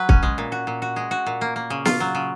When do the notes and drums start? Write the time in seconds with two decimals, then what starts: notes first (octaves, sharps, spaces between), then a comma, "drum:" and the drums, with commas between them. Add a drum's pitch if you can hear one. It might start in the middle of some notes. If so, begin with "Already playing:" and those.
Already playing: F#3 B4
0.09 C#4, drum: kick
0.23 G#3
0.38 A#2
0.52 F#4
0.67 A#2
0.82 F#4
0.96 G#3
1.11 F#4
1.26 A#2
1.41 A#3
1.56 A#3
1.70 C#3
1.85 F4, drum: snare
2.00 F#3
2.15 C#3